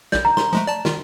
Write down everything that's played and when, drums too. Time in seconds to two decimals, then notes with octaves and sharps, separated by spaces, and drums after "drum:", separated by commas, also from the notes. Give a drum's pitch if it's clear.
0.12 B1 D5 G6, drum: snare
0.25 A#5
0.37 C6, drum: snare
0.53 F3 G#3 A3
0.67 D5 A5
0.85 D#3 F4, drum: snare